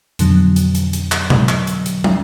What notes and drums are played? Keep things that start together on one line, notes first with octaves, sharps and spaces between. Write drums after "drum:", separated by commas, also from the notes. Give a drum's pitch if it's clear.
F2 B2 D3 F#3, drum: hi-hat
drum: hi-hat
drum: hi-hat
drum: hi-hat
drum: clap
drum: tom B2
drum: clap
drum: hi-hat
drum: hi-hat
drum: tom